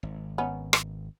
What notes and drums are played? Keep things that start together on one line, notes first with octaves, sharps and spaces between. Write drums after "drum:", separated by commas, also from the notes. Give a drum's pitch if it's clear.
G#1
B3 C#4 D#4
drum: rim click